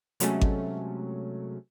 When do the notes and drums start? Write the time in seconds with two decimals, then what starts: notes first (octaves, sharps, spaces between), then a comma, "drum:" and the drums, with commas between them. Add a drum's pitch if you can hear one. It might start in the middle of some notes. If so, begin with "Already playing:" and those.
0.20 C3 F#3 G#3 A3 C#4, drum: hi-hat
0.41 drum: kick G#1